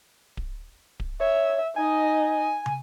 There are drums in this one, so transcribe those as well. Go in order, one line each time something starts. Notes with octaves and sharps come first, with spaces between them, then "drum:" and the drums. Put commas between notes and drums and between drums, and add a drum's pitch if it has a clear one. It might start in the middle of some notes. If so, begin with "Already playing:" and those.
drum: kick D1
drum: kick D1
C#5 E5
D#4 D#5 G#5
drum: tom